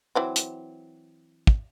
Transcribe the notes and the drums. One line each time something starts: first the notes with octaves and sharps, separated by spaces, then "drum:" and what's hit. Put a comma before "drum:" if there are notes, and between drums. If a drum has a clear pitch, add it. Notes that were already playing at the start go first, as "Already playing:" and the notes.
E3 F#3 C4
drum: hi-hat
drum: kick